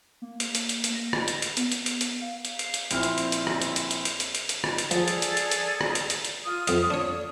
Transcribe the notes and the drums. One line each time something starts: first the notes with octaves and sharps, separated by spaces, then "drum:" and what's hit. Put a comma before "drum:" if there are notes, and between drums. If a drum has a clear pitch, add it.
A#3
drum: hi-hat
drum: hi-hat
drum: hi-hat
drum: hi-hat
A#6
drum: rim click
drum: hi-hat
drum: hi-hat
B3, drum: hi-hat
drum: hi-hat
drum: hi-hat
drum: hi-hat
F5
drum: hi-hat
C7, drum: hi-hat
drum: hi-hat
A#1 C4 E4 F6, drum: hi-hat
drum: hi-hat
drum: hi-hat
drum: hi-hat
drum: rim click
drum: hi-hat
drum: hi-hat
drum: hi-hat
drum: hi-hat
drum: hi-hat
drum: hi-hat
drum: hi-hat
drum: rim click
drum: hi-hat
F3 G#4 A4 D5, drum: hi-hat
drum: hi-hat
drum: hi-hat
drum: hi-hat
drum: hi-hat
drum: rim click
drum: hi-hat
drum: hi-hat
drum: hi-hat
F4 D#6
F2 D#5, drum: hi-hat
D4 C#5